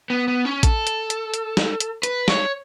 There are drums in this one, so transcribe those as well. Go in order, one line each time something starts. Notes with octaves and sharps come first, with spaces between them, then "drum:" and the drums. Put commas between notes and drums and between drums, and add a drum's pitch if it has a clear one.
B3
B3
C#4
A4, drum: kick A1, hi-hat
drum: hi-hat
drum: hi-hat
drum: hi-hat
drum: snare
drum: hi-hat
B4, drum: hi-hat
C#5, drum: snare